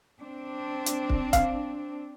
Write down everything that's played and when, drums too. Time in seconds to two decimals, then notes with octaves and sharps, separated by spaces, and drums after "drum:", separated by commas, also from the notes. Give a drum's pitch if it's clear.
0.22 C4 D4
0.86 drum: hi-hat
1.10 drum: kick
1.33 F5, drum: kick, hi-hat